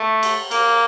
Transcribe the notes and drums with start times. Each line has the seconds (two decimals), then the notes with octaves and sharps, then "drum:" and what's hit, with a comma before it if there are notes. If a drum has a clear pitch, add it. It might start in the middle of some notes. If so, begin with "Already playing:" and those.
Already playing: A3
0.23 drum: cymbal
0.51 A#3, drum: cymbal